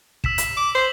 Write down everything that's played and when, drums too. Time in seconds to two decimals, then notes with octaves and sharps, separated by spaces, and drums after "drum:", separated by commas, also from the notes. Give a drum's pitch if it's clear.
0.24 E6 B6 E7, drum: kick
0.38 drum: hi-hat
0.57 D6
0.75 C5 F#7